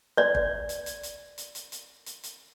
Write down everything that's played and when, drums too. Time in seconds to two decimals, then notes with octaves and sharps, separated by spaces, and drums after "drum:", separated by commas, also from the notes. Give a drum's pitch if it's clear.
0.17 C#5 D5
0.35 drum: kick
0.69 drum: hi-hat
0.86 drum: hi-hat
1.03 drum: hi-hat
1.38 drum: hi-hat
1.55 drum: hi-hat
1.72 drum: hi-hat
2.06 drum: hi-hat
2.23 drum: hi-hat